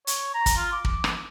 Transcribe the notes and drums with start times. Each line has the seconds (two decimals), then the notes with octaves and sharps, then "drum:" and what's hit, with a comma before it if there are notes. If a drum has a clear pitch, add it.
0.07 C#5, drum: hi-hat
0.34 A#5
0.46 drum: kick, hi-hat
0.57 F4
0.72 D6
0.85 drum: kick
1.04 drum: rim click